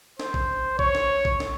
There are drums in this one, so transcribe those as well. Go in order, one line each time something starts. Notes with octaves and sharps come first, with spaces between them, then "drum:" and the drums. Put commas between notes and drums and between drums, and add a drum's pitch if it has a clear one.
C5, drum: snare
drum: kick A#1
C#5, drum: kick A#1
drum: snare
drum: kick A#1
drum: snare